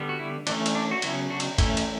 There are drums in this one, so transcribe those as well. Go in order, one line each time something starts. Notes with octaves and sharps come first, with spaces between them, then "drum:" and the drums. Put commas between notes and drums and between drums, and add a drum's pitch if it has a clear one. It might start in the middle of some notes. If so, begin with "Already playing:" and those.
Already playing: D3 G3 B3
F#4
E4
E3 A3 C#4 D4, drum: cymbal
drum: cymbal
D4
F#4
C#3 F#3 B3 E4, drum: cymbal
D4 F#4
drum: cymbal
E3 A3 C#4 E4, drum: kick G#1, cymbal
drum: cymbal